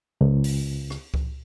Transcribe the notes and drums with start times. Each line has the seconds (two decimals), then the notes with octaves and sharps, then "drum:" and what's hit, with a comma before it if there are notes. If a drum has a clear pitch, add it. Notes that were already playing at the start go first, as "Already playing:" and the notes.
0.21 C#2
0.44 drum: open hi-hat
0.90 drum: rim click
1.14 drum: kick C#2